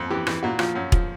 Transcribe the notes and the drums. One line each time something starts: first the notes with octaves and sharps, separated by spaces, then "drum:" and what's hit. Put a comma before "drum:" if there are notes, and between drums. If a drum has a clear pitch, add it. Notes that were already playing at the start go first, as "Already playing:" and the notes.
Already playing: F2
E3 G4
E3, drum: rim click
A#2 F#4
F3, drum: rim click
F#2
F3, drum: kick E1